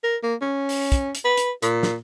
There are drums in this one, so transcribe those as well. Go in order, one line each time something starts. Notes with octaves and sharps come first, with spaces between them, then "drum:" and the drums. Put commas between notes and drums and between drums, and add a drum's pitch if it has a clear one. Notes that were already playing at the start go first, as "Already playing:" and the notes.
A#4
A#3
C#4
drum: open hi-hat
drum: kick, hi-hat
drum: hi-hat
B4
drum: hi-hat
A#2, drum: hi-hat
drum: snare